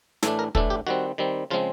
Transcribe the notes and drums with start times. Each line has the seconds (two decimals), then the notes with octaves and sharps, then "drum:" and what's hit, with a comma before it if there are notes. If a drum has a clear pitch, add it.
0.23 A2 E3 A3 D4 A4, drum: snare
0.39 A#4
0.55 A2 E3 A3 D4 A4, drum: kick
0.70 G4
0.87 D#3 G3 C4 F#4
1.18 D#3 G3 C4
1.50 C#3 F3 G#3 C4 F4